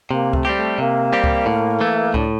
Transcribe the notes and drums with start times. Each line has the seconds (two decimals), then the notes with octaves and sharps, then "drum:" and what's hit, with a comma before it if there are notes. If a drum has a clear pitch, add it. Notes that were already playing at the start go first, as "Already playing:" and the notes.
0.10 C3 A#3
0.33 A3, drum: kick C#2
0.45 G3 C4 G4
0.56 A3
0.78 C3 A#3
1.13 G3 C4 G4
1.24 drum: kick C#2
1.46 A2
1.80 E3 A3
2.14 A2 D4, drum: kick C#2